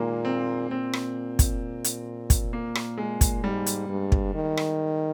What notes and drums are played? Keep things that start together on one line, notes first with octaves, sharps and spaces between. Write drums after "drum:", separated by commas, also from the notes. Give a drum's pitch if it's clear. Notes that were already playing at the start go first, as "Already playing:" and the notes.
Already playing: A#2 D#3 G#3 A#3
C4
A#2 C4
drum: rim click
drum: kick, hi-hat
drum: hi-hat
drum: kick, hi-hat
A#3
drum: rim click
G#3
drum: kick, hi-hat
G#2 G3
drum: hi-hat
G2
drum: kick
D#3
drum: rim click